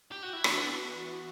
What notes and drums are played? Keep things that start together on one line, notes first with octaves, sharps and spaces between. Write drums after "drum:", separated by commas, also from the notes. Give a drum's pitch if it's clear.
G4
F#4
E4
E3 B3 D4 F#4, drum: rim click